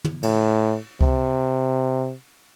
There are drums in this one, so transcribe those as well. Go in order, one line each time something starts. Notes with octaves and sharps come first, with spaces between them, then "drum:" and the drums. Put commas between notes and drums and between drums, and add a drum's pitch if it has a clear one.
drum: tom
A2, drum: cymbal
C3, drum: kick C#2